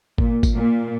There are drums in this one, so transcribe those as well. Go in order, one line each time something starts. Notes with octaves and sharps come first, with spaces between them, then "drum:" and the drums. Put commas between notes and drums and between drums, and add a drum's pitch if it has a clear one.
A#2, drum: kick G#1
drum: kick G#1, tambourine
A#2